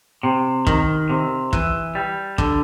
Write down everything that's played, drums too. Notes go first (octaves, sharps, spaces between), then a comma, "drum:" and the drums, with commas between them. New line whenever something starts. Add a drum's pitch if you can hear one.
C3
D#3, drum: kick
C3
E3, drum: kick
G3
D3, drum: kick